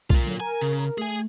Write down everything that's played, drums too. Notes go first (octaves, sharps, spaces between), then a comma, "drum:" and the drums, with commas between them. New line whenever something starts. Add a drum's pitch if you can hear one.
F4 A#4, drum: kick B1
D3 F#3
A#4 G#5
C#3
A3 G#4 G#5